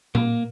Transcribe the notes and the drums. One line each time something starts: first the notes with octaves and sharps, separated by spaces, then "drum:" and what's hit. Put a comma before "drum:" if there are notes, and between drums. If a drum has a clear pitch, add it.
A#3, drum: tom A#2